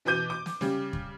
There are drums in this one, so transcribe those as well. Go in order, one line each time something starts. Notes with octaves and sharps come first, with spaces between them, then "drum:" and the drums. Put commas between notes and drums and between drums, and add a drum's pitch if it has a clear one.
B2 E3 B4 D6 G6 D#7
D6
drum: snare
C#3 G3, drum: snare
drum: kick